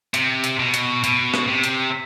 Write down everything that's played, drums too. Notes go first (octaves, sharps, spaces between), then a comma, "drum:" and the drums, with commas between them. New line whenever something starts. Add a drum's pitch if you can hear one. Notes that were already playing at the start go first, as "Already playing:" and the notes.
C3, drum: hi-hat
drum: hi-hat
B2
drum: hi-hat
B2, drum: hi-hat
drum: rim click
C3
drum: hi-hat